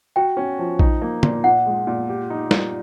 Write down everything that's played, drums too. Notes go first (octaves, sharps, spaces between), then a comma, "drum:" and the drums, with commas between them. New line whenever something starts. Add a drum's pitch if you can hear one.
F#4 G5
C#4
F3
D#4, drum: kick A#1
A#3
A#2, drum: tom
A#2 F#5
G#3
A#2
G4
D#4
G3, drum: snare